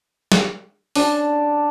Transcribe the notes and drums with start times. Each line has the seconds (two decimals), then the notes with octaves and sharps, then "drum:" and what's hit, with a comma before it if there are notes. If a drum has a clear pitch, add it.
0.32 drum: snare
0.95 D4 A5, drum: open hi-hat